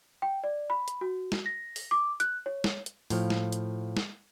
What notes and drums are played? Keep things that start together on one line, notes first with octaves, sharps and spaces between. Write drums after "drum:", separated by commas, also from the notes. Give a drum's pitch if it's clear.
G5
D5
B5
drum: hi-hat
F#4
drum: snare
A#6
drum: open hi-hat
D6
F#6, drum: hi-hat
C#5
drum: snare
drum: hi-hat
A2 F3 F5, drum: open hi-hat
drum: snare
drum: hi-hat
drum: snare